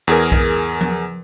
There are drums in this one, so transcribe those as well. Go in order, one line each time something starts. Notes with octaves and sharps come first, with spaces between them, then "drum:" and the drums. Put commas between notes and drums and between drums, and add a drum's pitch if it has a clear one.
E2 G#4 A#4
drum: kick B1
drum: tom F3